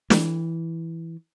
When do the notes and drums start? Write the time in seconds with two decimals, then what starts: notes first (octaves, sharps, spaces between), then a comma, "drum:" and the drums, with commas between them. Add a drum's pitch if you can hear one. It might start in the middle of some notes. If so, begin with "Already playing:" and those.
0.10 E3, drum: snare